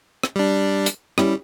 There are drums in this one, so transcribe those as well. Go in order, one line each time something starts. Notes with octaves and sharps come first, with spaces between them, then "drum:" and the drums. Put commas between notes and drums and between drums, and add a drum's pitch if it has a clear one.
drum: rim click
G3 D4
drum: hi-hat
G3 C#4 E4 G4, drum: rim click